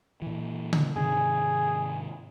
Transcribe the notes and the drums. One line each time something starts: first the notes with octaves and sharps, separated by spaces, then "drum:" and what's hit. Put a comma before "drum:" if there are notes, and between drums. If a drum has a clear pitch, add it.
A#2 E3
drum: tom C#3
G#2 C3 D#3 G#4